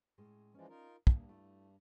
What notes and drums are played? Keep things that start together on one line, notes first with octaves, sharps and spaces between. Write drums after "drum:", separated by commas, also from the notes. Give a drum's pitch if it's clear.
A2 G#3 C#4
E3 F3 G#3 C#4 D5
D#4 F4 A#4
G2 A#3, drum: kick
A3 E4